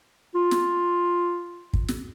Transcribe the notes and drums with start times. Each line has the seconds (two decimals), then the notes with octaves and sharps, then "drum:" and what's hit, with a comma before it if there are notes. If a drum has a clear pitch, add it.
0.35 F4
0.51 drum: snare
1.73 drum: kick
1.88 drum: snare